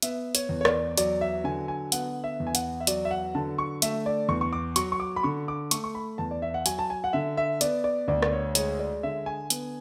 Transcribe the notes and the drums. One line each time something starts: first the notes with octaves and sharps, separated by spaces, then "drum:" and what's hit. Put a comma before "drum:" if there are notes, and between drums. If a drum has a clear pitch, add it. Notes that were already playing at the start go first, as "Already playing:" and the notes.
B3 E5, drum: hi-hat
C#5, drum: hi-hat
E2
C#5
D5, drum: rim click
F#3 D5, drum: hi-hat
E5
D3 G#5
G#5
B3 F#5, drum: hi-hat
E5
E2
G#5
F#5, drum: hi-hat
E5
F#3 D5, drum: hi-hat
E5
F#5
D3 A5
C#6
A3 E5, drum: hi-hat
D5
E2 C#6
C#6
D6
F#3 C#6, drum: hi-hat
C#6
D6
B5
D3 C#6
D6
A3 C#6, drum: hi-hat
C#6
B5
E2 A5
D5
E5
F#5
F#3 G#5, drum: hi-hat
A5
G#5
F#5
D3 E5
E5
B3 D5, drum: hi-hat
D5
D2 D5
D5, drum: rim click
C#5
G#3 C#5, drum: hi-hat
D5
D3 E5
G#5
B3, drum: hi-hat